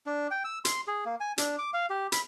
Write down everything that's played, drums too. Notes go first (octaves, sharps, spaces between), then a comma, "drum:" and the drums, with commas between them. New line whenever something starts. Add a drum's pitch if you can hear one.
D4
G5
E6
C6, drum: hi-hat
G#4
A#3
G#5
D4, drum: hi-hat
D6
F5
G4
B5, drum: hi-hat